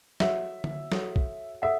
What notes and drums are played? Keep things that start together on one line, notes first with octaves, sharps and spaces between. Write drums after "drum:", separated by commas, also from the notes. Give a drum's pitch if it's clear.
F#4 A4 C#5 E5 F#5, drum: snare
drum: tom D3
F#4 A4 C#5 F#5, drum: snare
drum: kick
A4 C#5 E5 F#5